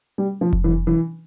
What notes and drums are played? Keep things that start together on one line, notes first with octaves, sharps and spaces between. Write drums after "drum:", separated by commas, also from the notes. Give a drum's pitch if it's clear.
G3
F3
drum: kick F1
E3
E3